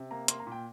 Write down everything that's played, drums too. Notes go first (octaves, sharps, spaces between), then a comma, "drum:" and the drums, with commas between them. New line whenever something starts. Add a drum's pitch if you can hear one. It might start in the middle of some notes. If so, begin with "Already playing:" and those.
Already playing: C3
A#3 A#5
A#3 C6, drum: hi-hat
A#5
A#2
G5